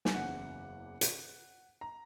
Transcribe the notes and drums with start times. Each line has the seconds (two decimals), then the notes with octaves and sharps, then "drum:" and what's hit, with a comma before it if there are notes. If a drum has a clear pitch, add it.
0.05 G#5, drum: snare
0.14 F#1 E2 C#3 F#5
1.01 drum: hi-hat
1.81 A#5